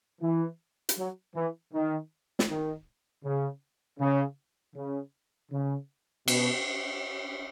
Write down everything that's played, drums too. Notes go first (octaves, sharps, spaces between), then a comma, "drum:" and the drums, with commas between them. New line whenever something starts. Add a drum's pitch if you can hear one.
E3
drum: hi-hat
F#3
E3
D#3
drum: snare
D#3
C#3
C#3
C#3
C#3
B2, drum: cymbal